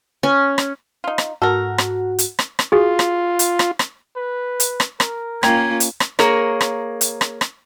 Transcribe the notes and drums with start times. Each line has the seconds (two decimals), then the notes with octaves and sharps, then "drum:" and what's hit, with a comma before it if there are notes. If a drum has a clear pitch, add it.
0.23 C#4
0.58 drum: rim click
1.04 D#4 F4
1.18 drum: rim click
1.42 G#2 F#4 A4 A#4 F#5
1.78 drum: rim click
2.19 drum: hi-hat
2.39 drum: rim click
2.59 drum: rim click
2.72 F4 F#4 G#4
2.99 drum: rim click
3.39 drum: hi-hat
3.59 drum: rim click
3.79 drum: rim click
4.16 B4
4.60 drum: hi-hat
4.80 drum: rim click
5.00 A#4, drum: rim click
5.43 A#3 C#4 F4 G5 A#5 G#6, drum: rim click
5.80 drum: hi-hat
6.00 drum: rim click
6.19 A#3 G#4 A#4 C#5, drum: rim click
6.61 drum: rim click
7.01 drum: hi-hat
7.21 drum: rim click
7.41 drum: rim click